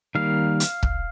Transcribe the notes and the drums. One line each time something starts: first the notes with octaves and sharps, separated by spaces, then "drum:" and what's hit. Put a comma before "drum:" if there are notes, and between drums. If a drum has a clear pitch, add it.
D#3 G3 A#3 F5
drum: hi-hat
drum: kick